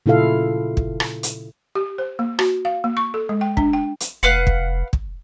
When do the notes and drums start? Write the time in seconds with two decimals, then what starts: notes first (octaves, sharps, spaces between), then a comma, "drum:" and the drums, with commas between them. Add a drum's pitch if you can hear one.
0.06 A#2 C#3 E4 F4 A4 F5
0.77 drum: kick
1.00 drum: rim click
1.23 drum: hi-hat
1.75 G4
1.98 C5
2.19 A#3
2.39 F#4, drum: rim click
2.65 F5
2.84 A#3
2.97 C#6
3.14 A4
3.29 G#3
3.41 G5
3.57 D4, drum: kick
3.73 G5
4.00 drum: hi-hat
4.23 F1 B4 F5 F#5
4.47 drum: kick
4.93 drum: kick